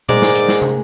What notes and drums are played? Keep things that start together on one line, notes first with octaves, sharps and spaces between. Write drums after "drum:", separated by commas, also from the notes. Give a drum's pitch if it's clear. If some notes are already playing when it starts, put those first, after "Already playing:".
G#2 G#3 A#3 D5, drum: tom A#2
drum: snare
drum: hi-hat
drum: snare
drum: tom